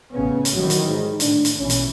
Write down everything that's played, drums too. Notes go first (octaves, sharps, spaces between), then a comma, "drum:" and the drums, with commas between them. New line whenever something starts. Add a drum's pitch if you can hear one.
A1 C#3 B3 C#4
drum: hi-hat
D#3 E3 F#3 G3
drum: hi-hat
G#2
A2 D4, drum: hi-hat
drum: hi-hat
A#1 B2 E3 C#4
drum: hi-hat